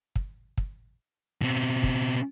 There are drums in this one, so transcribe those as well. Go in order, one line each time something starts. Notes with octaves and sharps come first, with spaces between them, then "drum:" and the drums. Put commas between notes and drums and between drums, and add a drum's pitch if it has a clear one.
drum: kick
drum: kick
B2 C4
drum: kick